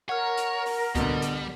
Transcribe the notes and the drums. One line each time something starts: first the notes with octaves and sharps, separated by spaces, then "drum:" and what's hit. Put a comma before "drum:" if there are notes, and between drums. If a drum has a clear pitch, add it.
A#4 C#5 F#5 F6
drum: hi-hat
drum: open hi-hat
B2 D3 G3, drum: kick C2, hi-hat
drum: hi-hat